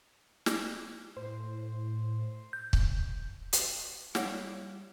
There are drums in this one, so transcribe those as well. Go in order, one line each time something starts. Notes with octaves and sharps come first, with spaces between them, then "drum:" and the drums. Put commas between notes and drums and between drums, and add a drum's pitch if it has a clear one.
drum: snare
A2 C5
G6
drum: kick
drum: hi-hat
G3 E4 C#5 D5 F5 F#5, drum: snare